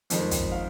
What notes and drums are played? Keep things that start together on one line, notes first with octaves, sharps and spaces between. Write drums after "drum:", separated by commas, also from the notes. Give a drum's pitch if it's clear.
F2 D#3 G#3, drum: hi-hat
drum: kick, hi-hat
F5